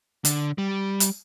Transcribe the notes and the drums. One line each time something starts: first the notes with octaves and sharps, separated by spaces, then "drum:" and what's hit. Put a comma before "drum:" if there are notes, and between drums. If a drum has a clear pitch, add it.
D3, drum: hi-hat
G3
drum: hi-hat